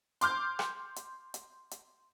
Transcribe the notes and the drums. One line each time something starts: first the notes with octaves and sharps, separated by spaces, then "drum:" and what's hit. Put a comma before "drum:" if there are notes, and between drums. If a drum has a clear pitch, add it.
C6 D6 F6 G6, drum: hi-hat
drum: rim click
drum: hi-hat
drum: hi-hat
drum: hi-hat